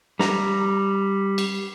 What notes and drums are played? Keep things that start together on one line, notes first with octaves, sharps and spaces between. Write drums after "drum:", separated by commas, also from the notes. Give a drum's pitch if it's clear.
G3 A#5, drum: snare
drum: cymbal